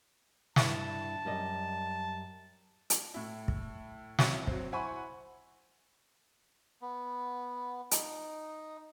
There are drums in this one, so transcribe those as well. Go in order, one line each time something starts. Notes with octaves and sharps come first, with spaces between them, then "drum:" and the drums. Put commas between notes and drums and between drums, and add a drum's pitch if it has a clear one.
G2 E4 A5, drum: snare
F#2 G3 D#5
drum: hi-hat
A2 E4
drum: kick
C#2 C3 E3 F#3, drum: snare
F#3 C4, drum: kick
E4 C5 F#5 G#5 B5 C#6
B3
D#4, drum: hi-hat